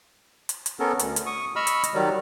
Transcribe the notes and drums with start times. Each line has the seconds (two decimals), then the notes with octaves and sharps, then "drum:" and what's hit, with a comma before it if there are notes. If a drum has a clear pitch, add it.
0.49 drum: hi-hat
0.66 drum: hi-hat
0.80 B3 C#4 A4 A#4
0.99 D2, drum: hi-hat
1.16 drum: hi-hat
1.26 C#6 D#6
1.56 D#5 B5 C#6 E6 F6
1.67 drum: hi-hat
1.84 drum: hi-hat
1.94 D#3 F#3 G3